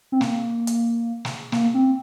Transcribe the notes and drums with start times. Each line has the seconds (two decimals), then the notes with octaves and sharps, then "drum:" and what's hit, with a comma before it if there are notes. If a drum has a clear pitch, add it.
0.12 C4
0.21 A#3, drum: snare
0.67 drum: hi-hat
1.25 drum: snare
1.52 A#3, drum: snare
1.74 C4